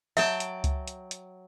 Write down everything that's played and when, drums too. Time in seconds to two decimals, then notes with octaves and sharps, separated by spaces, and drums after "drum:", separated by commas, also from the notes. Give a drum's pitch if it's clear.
0.17 F#3 E5 G5 A5, drum: open hi-hat
0.40 drum: hi-hat
0.64 drum: kick C#2, hi-hat
0.88 drum: hi-hat
1.11 drum: hi-hat